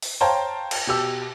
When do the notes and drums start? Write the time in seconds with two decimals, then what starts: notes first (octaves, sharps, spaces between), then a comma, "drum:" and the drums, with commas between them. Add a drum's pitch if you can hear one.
0.02 drum: open hi-hat
0.21 C5 C#5 F5 G5 A5 A#5
0.71 drum: cymbal
0.87 B2 G4 E6